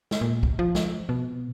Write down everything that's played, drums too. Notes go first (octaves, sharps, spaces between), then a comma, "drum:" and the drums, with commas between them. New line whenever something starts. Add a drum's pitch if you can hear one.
drum: snare
A#2
drum: kick
F3
drum: snare
B2